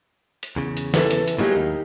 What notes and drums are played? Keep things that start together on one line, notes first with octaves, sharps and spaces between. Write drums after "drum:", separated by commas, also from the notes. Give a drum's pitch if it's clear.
drum: hi-hat
E2 C#3
drum: hi-hat
E3 A4 E5, drum: snare
drum: hi-hat
drum: hi-hat
A2 F#3 G#3 A#3 D#4 G4
D#2